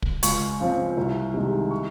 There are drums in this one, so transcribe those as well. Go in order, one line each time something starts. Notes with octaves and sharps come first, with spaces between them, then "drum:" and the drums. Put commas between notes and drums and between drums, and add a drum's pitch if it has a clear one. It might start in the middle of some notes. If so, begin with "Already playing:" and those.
drum: kick
C#2 C#6, drum: hi-hat
C#3 F3 C4
C2
C3 D#3 G#3
C#6